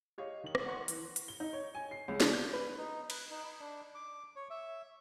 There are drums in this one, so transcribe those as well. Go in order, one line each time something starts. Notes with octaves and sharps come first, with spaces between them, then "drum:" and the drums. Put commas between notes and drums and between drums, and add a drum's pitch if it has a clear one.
G4 C#5 D#5 F5
D#3 F#7
drum: rim click
F#5 C6 C#6
E3, drum: hi-hat
drum: hi-hat
G7
D#4
C#5
G#5
C7
C#2
D5, drum: snare
G6
B4
D#4
B4, drum: cymbal
D#4
B5
D4
D6
C#5
E5